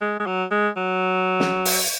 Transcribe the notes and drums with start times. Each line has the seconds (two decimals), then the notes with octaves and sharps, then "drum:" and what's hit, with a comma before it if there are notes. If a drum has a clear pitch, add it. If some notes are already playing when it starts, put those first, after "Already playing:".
0.01 G#3
0.19 G#3
0.26 F#3
0.51 G#3
0.77 F#3
1.40 drum: snare
1.65 drum: open hi-hat